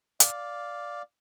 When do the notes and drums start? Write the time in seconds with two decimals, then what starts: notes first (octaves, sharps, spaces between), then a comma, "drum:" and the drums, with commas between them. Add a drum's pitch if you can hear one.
0.20 D5 F5, drum: hi-hat